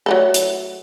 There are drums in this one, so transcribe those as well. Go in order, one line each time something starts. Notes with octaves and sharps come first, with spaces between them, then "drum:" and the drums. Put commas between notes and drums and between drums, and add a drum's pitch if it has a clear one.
F#3 A3 A4
drum: hi-hat